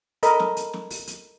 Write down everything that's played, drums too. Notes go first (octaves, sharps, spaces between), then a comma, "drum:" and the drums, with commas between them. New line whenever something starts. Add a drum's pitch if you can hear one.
A4 A#4 D#5 B5, drum: hi-hat
drum: snare
drum: hi-hat
drum: snare
drum: open hi-hat
drum: hi-hat